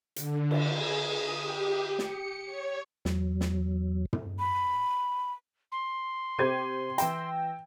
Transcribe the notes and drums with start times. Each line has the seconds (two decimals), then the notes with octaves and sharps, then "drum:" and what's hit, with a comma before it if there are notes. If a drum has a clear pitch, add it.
0.16 D3, drum: hi-hat
0.51 drum: cymbal
0.68 G#4
1.06 D#6
1.40 G4
1.99 C#7, drum: snare
2.46 C#5
3.05 E2 F#3, drum: snare
3.41 drum: snare
4.13 drum: tom
4.39 B5
5.72 C6
6.39 C3 G4 C5 G#6 D#7
6.98 E3 G5 E6 A#6, drum: hi-hat